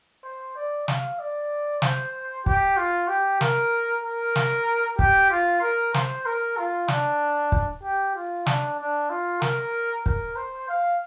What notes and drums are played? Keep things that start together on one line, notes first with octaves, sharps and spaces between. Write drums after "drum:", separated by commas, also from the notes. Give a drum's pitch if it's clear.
C5
D5
F5, drum: snare
D5
C5, drum: snare
G4, drum: kick
F4
G4
A#4, drum: snare
A#4
drum: snare
G4, drum: kick
F4
A#4
C5, drum: snare
A#4
F4
D4, drum: snare
drum: kick
G4
F4
D4, drum: snare
D4
F4
A#4, drum: snare
A#4, drum: kick
C5
F5